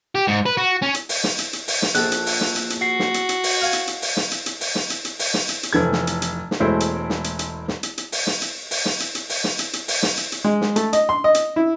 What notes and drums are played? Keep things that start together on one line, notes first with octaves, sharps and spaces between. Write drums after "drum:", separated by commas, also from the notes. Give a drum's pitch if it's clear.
G4
G#2
B4
F#4
C#4
drum: hi-hat
drum: open hi-hat
drum: snare
drum: hi-hat
drum: hi-hat
drum: open hi-hat
drum: snare
A#1 A4 F#6, drum: hi-hat
drum: hi-hat
drum: open hi-hat
drum: snare
drum: hi-hat
drum: hi-hat
F#4 C7
drum: snare
drum: hi-hat
drum: hi-hat
drum: open hi-hat
F5 G#5
drum: hi-hat
drum: hi-hat
drum: open hi-hat
drum: snare
drum: hi-hat
drum: hi-hat
drum: open hi-hat
drum: snare
drum: hi-hat
drum: hi-hat
drum: open hi-hat
drum: snare
drum: hi-hat
drum: hi-hat
F1 E3 A4 G#6
drum: snare
drum: hi-hat
drum: hi-hat
drum: snare
E1 G#3 A3 E4 C5
drum: hi-hat
drum: snare
drum: hi-hat
drum: hi-hat
drum: snare
drum: hi-hat
drum: hi-hat
drum: open hi-hat
drum: snare
drum: hi-hat
drum: open hi-hat
drum: snare
drum: hi-hat
drum: hi-hat
drum: open hi-hat
drum: snare
drum: hi-hat
drum: hi-hat
drum: open hi-hat
drum: snare
drum: hi-hat
drum: hi-hat
G#3
drum: snare
A3, drum: hi-hat
D#5, drum: hi-hat
C6
D#5
drum: hi-hat
E4